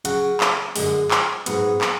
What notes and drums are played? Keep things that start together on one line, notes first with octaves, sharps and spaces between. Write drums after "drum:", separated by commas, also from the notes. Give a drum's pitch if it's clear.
C#3 F#3 C#4 F#4, drum: hi-hat
drum: clap
F#2 D3 G#3, drum: open hi-hat
drum: clap
G#2 F#3 B3, drum: hi-hat
drum: clap